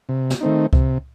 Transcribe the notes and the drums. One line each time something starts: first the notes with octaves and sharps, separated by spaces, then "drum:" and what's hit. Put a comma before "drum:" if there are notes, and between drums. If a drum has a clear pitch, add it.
C3
drum: snare
D#3 A3 C4 D#4
C3, drum: kick C#2